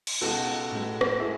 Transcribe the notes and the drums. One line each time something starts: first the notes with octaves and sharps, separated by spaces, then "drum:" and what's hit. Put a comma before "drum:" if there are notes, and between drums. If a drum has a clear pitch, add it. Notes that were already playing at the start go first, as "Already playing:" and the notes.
drum: cymbal
C#2 B2 G#3 D#4 F#4 A4
A1 A2 G#3
drum: rim click
A2 E4 G#4